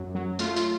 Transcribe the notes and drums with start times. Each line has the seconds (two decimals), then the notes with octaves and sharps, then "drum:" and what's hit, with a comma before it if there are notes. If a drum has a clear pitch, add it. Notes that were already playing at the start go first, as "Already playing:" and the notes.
Already playing: F#2
0.15 F#3
0.39 A3 F4, drum: tambourine
0.56 F4, drum: tambourine